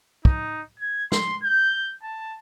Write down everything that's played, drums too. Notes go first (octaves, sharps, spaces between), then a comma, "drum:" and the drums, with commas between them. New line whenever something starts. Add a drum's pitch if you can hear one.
D#4, drum: kick
G#6
C6, drum: snare
G6
A5